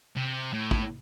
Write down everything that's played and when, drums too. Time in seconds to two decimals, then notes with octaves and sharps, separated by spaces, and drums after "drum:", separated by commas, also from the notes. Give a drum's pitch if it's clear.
0.16 C3
0.54 A2
0.71 drum: kick